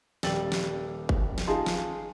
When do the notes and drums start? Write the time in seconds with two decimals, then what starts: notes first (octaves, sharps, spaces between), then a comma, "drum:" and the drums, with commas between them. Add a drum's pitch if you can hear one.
0.23 D#1 G3 G5 E6 A6 F#7, drum: snare
0.52 drum: snare
1.09 drum: kick G1
1.38 drum: snare
1.47 D#4 F4 G#4 A5 C6
1.66 drum: snare